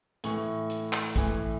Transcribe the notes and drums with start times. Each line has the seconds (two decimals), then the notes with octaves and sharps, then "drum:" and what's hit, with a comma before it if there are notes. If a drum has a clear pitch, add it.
0.24 A2 E3 C#6, drum: hi-hat
0.70 drum: hi-hat
0.93 drum: clap
1.16 A2 E3, drum: kick, hi-hat